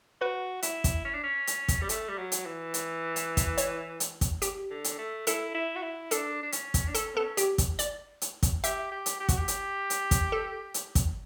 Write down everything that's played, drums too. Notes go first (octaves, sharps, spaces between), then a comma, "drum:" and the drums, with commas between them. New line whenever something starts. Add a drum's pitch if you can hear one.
F#4 B4
E4, drum: hi-hat
drum: kick, hi-hat
C#4
D4
C#4
drum: hi-hat
drum: kick, hi-hat
G3
A3, drum: hi-hat
G3
F#3
drum: hi-hat
E3
drum: hi-hat
drum: hi-hat
drum: kick, hi-hat
C#5, drum: hi-hat
drum: hi-hat
drum: kick, hi-hat
G4, drum: hi-hat
D3
drum: hi-hat
A3
E4 A4, drum: hi-hat
E4
F#4
E4
D4 A4, drum: hi-hat
D4
C#4, drum: hi-hat
drum: kick, hi-hat
D4
C#4 A4, drum: hi-hat
B3 A4
C#4
G4, drum: hi-hat
drum: kick, hi-hat
D5, drum: hi-hat
drum: hi-hat
drum: kick, hi-hat
G4 E5, drum: hi-hat
G4
drum: hi-hat
G4
F#4, drum: kick, hi-hat
G4
drum: hi-hat
drum: hi-hat
drum: kick, hi-hat
A4
drum: hi-hat
drum: kick, hi-hat